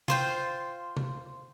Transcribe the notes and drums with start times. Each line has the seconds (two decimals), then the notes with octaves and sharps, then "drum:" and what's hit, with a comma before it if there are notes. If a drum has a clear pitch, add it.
0.08 F4 C5 G5, drum: tom
0.97 drum: tom